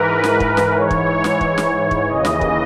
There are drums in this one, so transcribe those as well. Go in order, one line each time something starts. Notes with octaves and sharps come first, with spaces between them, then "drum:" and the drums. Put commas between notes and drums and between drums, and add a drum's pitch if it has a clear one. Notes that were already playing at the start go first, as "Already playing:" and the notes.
Already playing: G#2 E3 A#4 B4
drum: snare
drum: kick
drum: snare
G#2 E3 C#5
drum: kick
drum: snare
drum: kick
drum: snare
drum: kick
D#2 C#3 E3 D#5
drum: snare
drum: kick